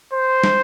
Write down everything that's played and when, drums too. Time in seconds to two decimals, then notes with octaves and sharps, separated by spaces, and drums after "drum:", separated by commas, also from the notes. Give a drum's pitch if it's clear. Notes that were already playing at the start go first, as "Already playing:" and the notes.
0.13 C5
0.44 drum: snare